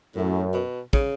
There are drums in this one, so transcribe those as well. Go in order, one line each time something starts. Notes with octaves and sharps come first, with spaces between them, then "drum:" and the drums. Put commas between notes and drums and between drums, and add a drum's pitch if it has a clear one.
F#2 A2
B2
C#3, drum: kick